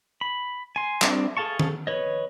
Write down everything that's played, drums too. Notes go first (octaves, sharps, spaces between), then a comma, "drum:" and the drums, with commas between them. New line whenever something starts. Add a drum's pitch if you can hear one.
B5
G#5 C6
G3 C4 D4, drum: clap
G#4 A4 F5 A5 C#6
drum: tom D#3
B4 C#5 D#5